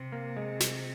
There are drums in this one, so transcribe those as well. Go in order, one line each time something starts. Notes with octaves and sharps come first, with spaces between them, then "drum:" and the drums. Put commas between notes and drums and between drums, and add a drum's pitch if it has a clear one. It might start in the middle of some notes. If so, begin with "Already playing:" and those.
Already playing: C3
A#3
G#3
drum: snare